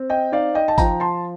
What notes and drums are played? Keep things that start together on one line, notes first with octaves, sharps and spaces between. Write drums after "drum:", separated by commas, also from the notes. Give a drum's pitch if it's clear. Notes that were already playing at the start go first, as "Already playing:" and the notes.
Already playing: C4
D#5 G5
D#4 D5 F5
D#5 G5
A5
F3 G5 A#5, drum: kick, tambourine
A5 C6